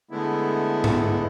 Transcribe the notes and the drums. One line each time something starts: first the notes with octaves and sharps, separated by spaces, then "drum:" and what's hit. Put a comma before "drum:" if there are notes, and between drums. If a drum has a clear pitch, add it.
D3 G#3 A3 B3 E4
drum: tom G#2